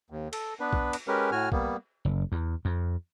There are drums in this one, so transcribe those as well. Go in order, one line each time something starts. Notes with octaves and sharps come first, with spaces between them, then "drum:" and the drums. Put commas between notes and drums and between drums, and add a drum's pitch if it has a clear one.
D#2
A4, drum: cymbal
B3 D4 B4
drum: kick
drum: cymbal
G#3 C#4 G4 A#4 B4
A2 F#4 G#5 F6
G3 A#3 B3, drum: kick
F#1
E2
F2